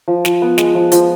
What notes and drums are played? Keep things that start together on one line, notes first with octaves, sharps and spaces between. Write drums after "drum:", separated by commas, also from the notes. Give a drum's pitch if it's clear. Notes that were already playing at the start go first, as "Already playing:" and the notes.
F3
F3, drum: snare
B3
G#3, drum: snare
F3
F3, drum: hi-hat